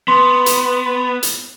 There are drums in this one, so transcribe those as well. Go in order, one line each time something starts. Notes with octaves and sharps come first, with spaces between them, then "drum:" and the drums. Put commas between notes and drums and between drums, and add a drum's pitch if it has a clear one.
B3 C6
drum: hi-hat
drum: hi-hat